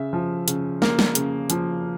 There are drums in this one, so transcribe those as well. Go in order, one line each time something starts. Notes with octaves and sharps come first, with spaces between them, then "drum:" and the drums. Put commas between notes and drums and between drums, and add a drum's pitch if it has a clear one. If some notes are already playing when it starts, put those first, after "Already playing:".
Already playing: C#3 E5
F3
C#3, drum: hi-hat
A#3, drum: snare
drum: snare
C#3, drum: hi-hat
F3, drum: hi-hat